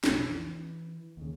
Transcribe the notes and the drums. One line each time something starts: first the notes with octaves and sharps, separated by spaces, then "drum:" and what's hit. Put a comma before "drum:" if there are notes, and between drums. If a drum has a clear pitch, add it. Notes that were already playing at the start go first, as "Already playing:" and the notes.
B1 F2 C#3, drum: snare
E3
D#2 C#3